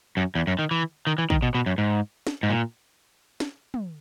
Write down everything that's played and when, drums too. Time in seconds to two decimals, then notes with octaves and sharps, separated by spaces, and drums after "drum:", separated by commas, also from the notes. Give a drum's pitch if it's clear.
0.17 F#2
0.35 E2
0.47 F#2
0.59 D#3
0.71 E3
1.07 D#3
1.18 E3
1.30 D#3, drum: kick
1.42 B2
1.55 B2
1.66 F#2
1.78 G#2
2.27 drum: snare
2.43 G#2
2.50 A#2
3.40 drum: snare
3.74 drum: tom